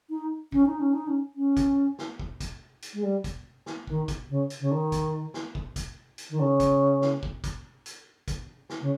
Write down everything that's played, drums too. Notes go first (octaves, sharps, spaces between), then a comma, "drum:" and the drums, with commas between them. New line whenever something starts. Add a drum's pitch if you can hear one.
D#4
C#4, drum: kick
D#4
C#4
D#4
C#4
C#4
drum: kick, hi-hat
drum: snare
drum: kick
drum: kick, hi-hat
drum: hi-hat
G#3
G3
drum: kick, hi-hat
drum: snare
D#3, drum: kick
drum: kick, hi-hat
C#3
drum: hi-hat
C#3
D#3
drum: kick, hi-hat
drum: snare
drum: kick
drum: kick, hi-hat
drum: hi-hat
D#3
C#3
drum: kick, hi-hat
drum: snare
drum: kick
drum: kick, hi-hat
drum: hi-hat
drum: kick, hi-hat
drum: snare
C#3